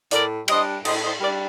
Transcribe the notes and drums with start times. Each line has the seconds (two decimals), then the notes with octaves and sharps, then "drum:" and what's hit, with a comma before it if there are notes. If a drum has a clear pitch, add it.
0.11 A2 A#4 D5, drum: hi-hat
0.48 G3 D4 C5 D#5, drum: cymbal
0.85 A2 C5 D#5, drum: cymbal
1.02 C5 D#5
1.21 G3 D4 A#4 D5